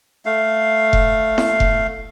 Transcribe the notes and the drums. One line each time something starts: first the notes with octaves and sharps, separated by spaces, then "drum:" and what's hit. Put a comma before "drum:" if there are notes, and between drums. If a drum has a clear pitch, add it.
A3 F5
drum: kick F1
drum: snare E4
drum: kick F1